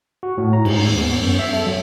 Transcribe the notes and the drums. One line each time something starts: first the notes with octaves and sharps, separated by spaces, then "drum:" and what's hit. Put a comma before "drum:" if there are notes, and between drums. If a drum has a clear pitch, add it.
F#4
A2
A#5
G#2, drum: cymbal
D#2
B3
F#2
E5
A4
F#3